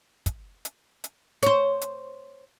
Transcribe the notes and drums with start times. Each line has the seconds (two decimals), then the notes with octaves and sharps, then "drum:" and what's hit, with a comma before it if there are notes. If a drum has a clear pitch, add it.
0.26 drum: kick, hi-hat
0.65 drum: hi-hat
1.04 drum: hi-hat
1.43 C5 C#5, drum: hi-hat
1.81 drum: hi-hat